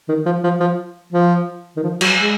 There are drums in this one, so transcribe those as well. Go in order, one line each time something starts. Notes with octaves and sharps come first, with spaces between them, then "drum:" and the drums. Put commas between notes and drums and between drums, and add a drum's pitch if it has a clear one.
D#3
F3
F3
F3
F3
D#3
F3
F#3, drum: cymbal
G#3